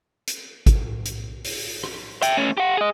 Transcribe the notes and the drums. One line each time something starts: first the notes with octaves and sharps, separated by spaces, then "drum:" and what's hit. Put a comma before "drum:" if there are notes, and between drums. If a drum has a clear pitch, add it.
drum: hi-hat
drum: kick, hi-hat
drum: hi-hat
drum: open hi-hat
drum: rim click
E5 G5, drum: hi-hat
A3 C#4
G4 F#5
G#4 D#5